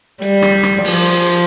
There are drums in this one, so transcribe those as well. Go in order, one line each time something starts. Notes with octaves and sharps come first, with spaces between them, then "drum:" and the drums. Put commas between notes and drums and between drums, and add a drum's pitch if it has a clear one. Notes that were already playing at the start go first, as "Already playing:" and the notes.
G3, drum: hi-hat
drum: rim click
drum: rim click
F3, drum: open hi-hat
drum: hi-hat
drum: hi-hat